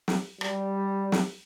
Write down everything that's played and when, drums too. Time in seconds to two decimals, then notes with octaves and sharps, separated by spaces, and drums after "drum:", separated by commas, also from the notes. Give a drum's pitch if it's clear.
0.08 drum: snare
0.41 G3, drum: rim click
1.12 drum: snare